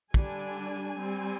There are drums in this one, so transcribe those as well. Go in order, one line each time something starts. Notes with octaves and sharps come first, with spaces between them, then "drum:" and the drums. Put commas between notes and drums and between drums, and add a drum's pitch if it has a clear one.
D3 G3 D4 G#5, drum: kick
G3 C4